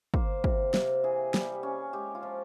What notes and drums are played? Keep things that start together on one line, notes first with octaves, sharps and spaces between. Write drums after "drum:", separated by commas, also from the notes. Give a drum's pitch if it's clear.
A#3 C5, drum: kick
C3, drum: kick
C3, drum: snare
E3 G#4
G3, drum: snare
C#4
G#3 G4
F4
F3